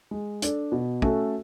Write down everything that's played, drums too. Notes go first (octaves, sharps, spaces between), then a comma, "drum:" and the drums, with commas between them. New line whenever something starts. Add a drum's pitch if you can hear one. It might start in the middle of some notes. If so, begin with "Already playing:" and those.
G#3
D4 A4 D5, drum: hi-hat
B2
A3 C#4 F#4 A4, drum: kick